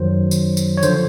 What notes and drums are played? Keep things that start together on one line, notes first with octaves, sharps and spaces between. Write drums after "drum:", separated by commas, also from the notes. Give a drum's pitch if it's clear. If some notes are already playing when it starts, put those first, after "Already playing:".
Already playing: F#2 D#3 F#3 C5
drum: tambourine
drum: tambourine
C#5
D3 F3 C5, drum: tambourine